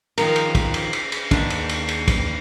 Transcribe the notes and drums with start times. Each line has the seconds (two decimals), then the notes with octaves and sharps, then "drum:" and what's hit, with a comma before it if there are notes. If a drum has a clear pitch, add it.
0.18 D#3 F3 A#4, drum: cymbal
0.36 drum: cymbal
0.55 drum: kick, cymbal
0.74 drum: cymbal
0.93 drum: cymbal
1.12 drum: cymbal
1.31 D#2 D4, drum: kick, cymbal
1.50 drum: cymbal
1.69 drum: cymbal
1.89 drum: cymbal
2.08 drum: kick, cymbal